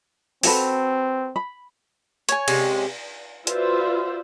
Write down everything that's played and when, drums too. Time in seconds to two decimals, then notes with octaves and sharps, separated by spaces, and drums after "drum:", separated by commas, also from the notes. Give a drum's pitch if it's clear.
0.43 C4 F#4 A4 B4, drum: open hi-hat
1.36 B5
2.29 C#5 G#5, drum: hi-hat
2.48 C3 G#3 C#4, drum: cymbal
3.47 F4 F#4 B4 C5 D5 E5, drum: hi-hat